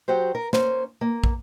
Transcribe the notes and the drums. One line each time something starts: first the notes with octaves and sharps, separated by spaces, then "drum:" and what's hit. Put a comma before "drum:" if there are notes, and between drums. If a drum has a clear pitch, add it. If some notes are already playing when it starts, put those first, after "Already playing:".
F#3 F#4 G4 C5
A#4
A#3 C#4 C5, drum: snare
A#3
drum: kick